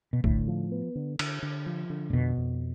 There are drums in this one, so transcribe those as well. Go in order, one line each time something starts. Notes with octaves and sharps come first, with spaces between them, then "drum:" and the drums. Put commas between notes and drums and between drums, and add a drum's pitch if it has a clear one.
B2
A2 D3, drum: kick A#1
F3
B3
D3
D3, drum: cymbal
D3
F3
D3
A2
F2 B2
F2